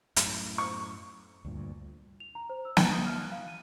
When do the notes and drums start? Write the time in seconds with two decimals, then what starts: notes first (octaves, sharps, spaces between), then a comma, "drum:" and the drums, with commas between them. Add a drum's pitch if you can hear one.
0.16 F#2 A2, drum: hi-hat
0.58 C#6
1.45 D2 G2 A#2
2.20 F7
2.35 A#5
2.50 C5
2.65 E6
2.77 B4, drum: snare
2.92 D#6
3.06 F6
3.20 F#6
3.32 F5
3.48 D#7